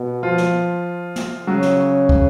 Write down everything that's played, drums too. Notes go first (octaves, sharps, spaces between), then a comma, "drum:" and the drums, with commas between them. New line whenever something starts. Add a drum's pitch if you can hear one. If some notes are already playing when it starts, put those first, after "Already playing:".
Already playing: B2
F3 F4
drum: snare
drum: snare
C#3 F#3 F#4
drum: snare
drum: kick